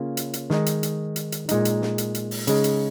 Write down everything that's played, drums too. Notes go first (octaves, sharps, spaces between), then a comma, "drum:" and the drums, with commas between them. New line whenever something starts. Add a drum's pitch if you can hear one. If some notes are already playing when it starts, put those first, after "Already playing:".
Already playing: C#3 A#3 C#4 F4
drum: hi-hat
drum: hi-hat
D#3 G#3 D#4, drum: snare
drum: hi-hat
drum: hi-hat
drum: hi-hat
drum: hi-hat
A#2 G#3 D#4, drum: hi-hat
drum: hi-hat
drum: snare
drum: hi-hat
drum: hi-hat
drum: open hi-hat
C#3 G#3 D#4, drum: hi-hat
drum: hi-hat